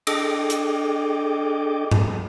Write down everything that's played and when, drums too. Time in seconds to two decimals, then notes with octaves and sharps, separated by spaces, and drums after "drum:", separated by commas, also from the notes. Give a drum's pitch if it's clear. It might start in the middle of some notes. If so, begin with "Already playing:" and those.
0.07 D4 G#4 A4 D#5 G5 D6, drum: cymbal
0.50 drum: hi-hat
1.91 drum: tom G#2